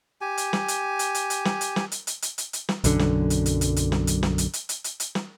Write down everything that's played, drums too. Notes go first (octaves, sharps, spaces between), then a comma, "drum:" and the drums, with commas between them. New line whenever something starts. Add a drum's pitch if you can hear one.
G4 G#5
drum: hi-hat
drum: snare
drum: hi-hat
drum: hi-hat
drum: hi-hat
drum: hi-hat
drum: snare
drum: hi-hat
drum: snare
drum: hi-hat
drum: hi-hat
drum: hi-hat
drum: hi-hat
drum: hi-hat
drum: snare
B1 F#2 D3, drum: hi-hat
drum: snare
drum: hi-hat
drum: hi-hat
drum: hi-hat
drum: hi-hat
drum: snare
drum: hi-hat
drum: snare
drum: hi-hat
drum: hi-hat
drum: hi-hat
drum: hi-hat
drum: hi-hat
drum: snare